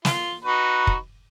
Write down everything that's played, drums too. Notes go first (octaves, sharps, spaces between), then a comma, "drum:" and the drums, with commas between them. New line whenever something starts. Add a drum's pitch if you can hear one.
F4, drum: snare
D#4 F#4 B4
drum: kick